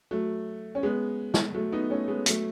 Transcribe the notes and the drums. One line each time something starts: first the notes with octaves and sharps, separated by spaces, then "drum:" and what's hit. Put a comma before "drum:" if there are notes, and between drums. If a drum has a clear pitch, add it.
F#3 A3
C#4
G#3 B3
drum: snare
F#3 A3
B3 D#4
A3 C#4
G#3 B3
F#3 A3, drum: hi-hat